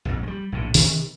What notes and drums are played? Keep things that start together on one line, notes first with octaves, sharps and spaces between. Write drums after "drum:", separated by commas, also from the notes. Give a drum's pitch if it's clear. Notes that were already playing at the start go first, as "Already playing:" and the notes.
A#1 F2 G#2
G3 G#3
A#1 A2 D3
C3 D#3 E3 B3, drum: open hi-hat